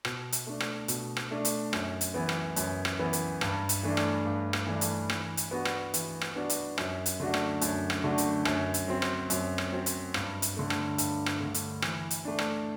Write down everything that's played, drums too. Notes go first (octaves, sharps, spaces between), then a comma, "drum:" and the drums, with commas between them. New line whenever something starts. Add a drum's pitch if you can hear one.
B2, drum: rim click
drum: hi-hat
A3 D4
drum: rim click
B2, drum: hi-hat
drum: rim click
A3 D4
drum: hi-hat
F#2, drum: rim click
drum: hi-hat
E3 B3
drum: rim click
F#2, drum: hi-hat
drum: rim click
E3 B3
drum: hi-hat
G2, drum: rim click
drum: hi-hat
E3 A3 D4
drum: rim click
G2
drum: rim click
E3 A3 D4
drum: hi-hat
E3, drum: rim click
drum: hi-hat
B3 D4 F#4
drum: rim click
E3, drum: hi-hat
drum: rim click
B3 D4 F#4
drum: hi-hat
F#2, drum: rim click
drum: hi-hat
D3 A3 D4 F#4
drum: rim click
F#2, drum: hi-hat
drum: rim click
D3 A3 D4 F#4
drum: hi-hat
F#2, drum: rim click
drum: hi-hat
F#3 C4
drum: rim click
F#2, drum: hi-hat
drum: rim click
F#3 C4
drum: hi-hat
G2, drum: rim click
drum: hi-hat
D3 A3
drum: rim click
G2, drum: hi-hat
drum: rim click
D3 A3
drum: hi-hat
E3, drum: rim click
drum: hi-hat
A3 D4
drum: rim click